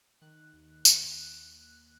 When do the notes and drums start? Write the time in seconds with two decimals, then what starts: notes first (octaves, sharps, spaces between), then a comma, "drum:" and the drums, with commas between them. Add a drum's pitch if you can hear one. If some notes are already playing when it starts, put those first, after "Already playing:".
0.22 D#3 F#6
0.53 D#2
0.85 D#2, drum: tambourine